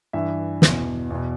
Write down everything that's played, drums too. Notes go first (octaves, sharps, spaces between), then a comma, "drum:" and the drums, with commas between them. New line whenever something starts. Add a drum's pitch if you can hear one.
G2 E3 E5
E2 B2, drum: snare
E2 B2